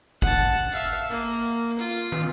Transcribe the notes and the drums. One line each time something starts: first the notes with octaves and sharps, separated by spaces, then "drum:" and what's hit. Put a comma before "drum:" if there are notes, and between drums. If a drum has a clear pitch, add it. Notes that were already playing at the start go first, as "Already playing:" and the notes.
F#5 A5, drum: kick
E5 F5
A#3
F4
drum: tom